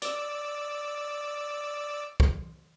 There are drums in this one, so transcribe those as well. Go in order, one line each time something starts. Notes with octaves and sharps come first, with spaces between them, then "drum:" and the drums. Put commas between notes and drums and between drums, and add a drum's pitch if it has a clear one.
D5 D6 E6, drum: hi-hat
drum: kick